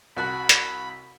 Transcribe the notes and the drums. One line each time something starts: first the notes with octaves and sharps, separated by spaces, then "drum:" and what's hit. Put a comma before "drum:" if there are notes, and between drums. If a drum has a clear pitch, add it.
C2 F#4 A5 B5
drum: hi-hat